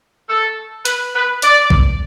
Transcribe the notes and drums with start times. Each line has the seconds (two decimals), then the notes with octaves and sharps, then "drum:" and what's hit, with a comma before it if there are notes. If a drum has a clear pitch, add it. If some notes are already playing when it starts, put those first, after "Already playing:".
0.29 A4
0.85 B4, drum: hi-hat
1.15 B4
1.42 D5, drum: hi-hat
1.70 drum: kick